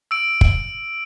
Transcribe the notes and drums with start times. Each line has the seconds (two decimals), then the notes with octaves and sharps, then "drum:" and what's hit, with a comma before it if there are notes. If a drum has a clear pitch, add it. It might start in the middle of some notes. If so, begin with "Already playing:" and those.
0.11 E6 D7
0.41 drum: kick